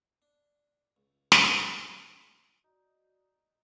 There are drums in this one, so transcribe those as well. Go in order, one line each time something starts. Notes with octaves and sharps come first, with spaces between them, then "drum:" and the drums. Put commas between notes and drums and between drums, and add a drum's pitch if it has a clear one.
D4
C#2
drum: snare
D#4 F#4 D5